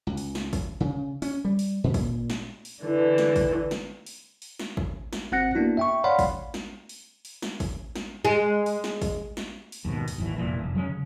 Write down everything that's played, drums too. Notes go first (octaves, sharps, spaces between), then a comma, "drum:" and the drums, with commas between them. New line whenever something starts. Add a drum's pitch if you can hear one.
C#2
drum: open hi-hat
drum: snare
drum: kick, open hi-hat
C#3
C#4, drum: open hi-hat
G3
drum: open hi-hat
A#2
drum: kick, open hi-hat
drum: snare
drum: open hi-hat
D3 E3
drum: snare
drum: kick, open hi-hat
drum: snare
drum: open hi-hat
drum: open hi-hat
drum: snare
drum: kick
drum: snare
G#1 C4 F#5 F#6 A#6 C#7
A#3 B3 D4 E4 F#4
E5 G5 C#6
C#5 D5 F5 F#5 B5 C6
drum: kick, open hi-hat
drum: snare
drum: open hi-hat
drum: open hi-hat
drum: snare
drum: kick, open hi-hat
drum: snare
G#3
drum: open hi-hat
drum: snare
drum: kick, open hi-hat
drum: snare
drum: open hi-hat
D#2 G#2 B2
drum: open hi-hat
G#1 D#2 E3
F1 C#2 A#2 E3
F1
F#3 G#3 B3 C#4
C#3